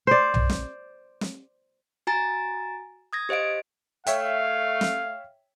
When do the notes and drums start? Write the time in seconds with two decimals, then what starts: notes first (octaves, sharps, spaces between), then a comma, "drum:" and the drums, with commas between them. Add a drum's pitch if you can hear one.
0.07 C5 D5
0.34 drum: tom B1
0.49 drum: snare
1.21 drum: snare
2.07 F#4 G#5 A#5 A6
3.13 D#6 G#6 A#6
3.29 G4 C5 D#5 F5 D7
4.07 A3 C#5 E5 F5 G5, drum: hi-hat
4.81 drum: snare